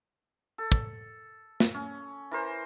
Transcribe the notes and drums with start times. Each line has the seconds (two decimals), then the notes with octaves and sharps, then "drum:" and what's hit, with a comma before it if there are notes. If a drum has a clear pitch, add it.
0.58 A4
0.72 drum: kick
1.60 drum: snare
1.74 C#4
2.31 E3 A#4 C5